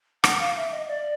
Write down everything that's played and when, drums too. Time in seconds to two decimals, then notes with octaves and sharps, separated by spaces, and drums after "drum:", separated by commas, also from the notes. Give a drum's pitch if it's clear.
0.24 F#5, drum: rim click
0.39 F5
0.56 E5
0.72 D#5
0.88 D5